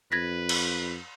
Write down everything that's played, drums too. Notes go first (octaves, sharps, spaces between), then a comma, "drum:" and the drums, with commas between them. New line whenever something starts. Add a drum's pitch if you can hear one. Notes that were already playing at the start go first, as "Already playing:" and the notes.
F2 B4 G#6 A#6 B6
drum: cymbal